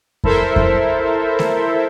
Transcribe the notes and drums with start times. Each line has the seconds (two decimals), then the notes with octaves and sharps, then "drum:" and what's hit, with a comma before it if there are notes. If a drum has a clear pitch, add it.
0.24 E4 A4 A#4 C5 E5, drum: kick F2
0.56 drum: kick F2
1.39 drum: snare A3